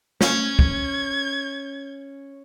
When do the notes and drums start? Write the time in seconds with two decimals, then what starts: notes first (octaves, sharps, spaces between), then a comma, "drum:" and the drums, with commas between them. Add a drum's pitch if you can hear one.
0.21 C#4 G#6, drum: snare
0.59 drum: kick